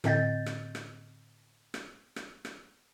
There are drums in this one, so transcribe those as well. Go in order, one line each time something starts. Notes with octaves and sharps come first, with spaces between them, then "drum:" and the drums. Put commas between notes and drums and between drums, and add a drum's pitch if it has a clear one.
A2 D3 C4 D#5 G6 A6, drum: rim click
drum: rim click
drum: rim click
drum: rim click
drum: rim click
drum: rim click